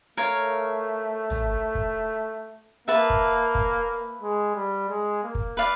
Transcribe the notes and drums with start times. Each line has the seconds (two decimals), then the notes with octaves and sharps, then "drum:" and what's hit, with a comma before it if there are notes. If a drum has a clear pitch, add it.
0.17 A3 A#4 C#5 F5
1.30 drum: tom
1.75 drum: kick
2.88 A#3 B4 E5 A5
3.10 drum: kick
3.55 drum: kick
4.22 G#3
4.56 G3
4.89 G#3
5.24 A#3
5.35 drum: kick
5.57 B4 D5 F5